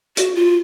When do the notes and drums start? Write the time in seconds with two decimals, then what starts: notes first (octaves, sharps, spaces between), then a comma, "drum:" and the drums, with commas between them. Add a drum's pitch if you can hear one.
0.17 F#4, drum: hi-hat
0.35 F4